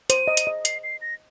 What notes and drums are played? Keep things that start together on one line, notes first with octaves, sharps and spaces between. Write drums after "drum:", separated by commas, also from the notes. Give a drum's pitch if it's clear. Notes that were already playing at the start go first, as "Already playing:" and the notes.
C5 D#7, drum: hi-hat
D#5
drum: hi-hat
D#5
C7, drum: hi-hat
C7
A#6